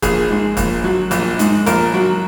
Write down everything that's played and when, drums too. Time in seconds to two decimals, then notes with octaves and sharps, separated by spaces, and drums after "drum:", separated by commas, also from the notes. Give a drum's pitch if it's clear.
0.02 A#1 G#4, drum: kick, hi-hat
0.30 G#2
0.57 A#1, drum: kick, hi-hat
0.84 F#3
1.11 A#1, drum: hi-hat
1.39 G#2, drum: hi-hat
1.66 A#1 A#4, drum: hi-hat
1.94 F#3